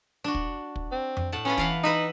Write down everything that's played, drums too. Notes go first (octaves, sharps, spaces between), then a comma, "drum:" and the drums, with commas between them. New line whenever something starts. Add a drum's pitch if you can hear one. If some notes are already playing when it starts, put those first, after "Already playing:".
D4 F#4
drum: kick
drum: kick
C4
drum: tom F2
A2 F#5 A5
B3 C#4 F4 B4
E3 F5 F#5, drum: kick
D#4 B4 E5 F#5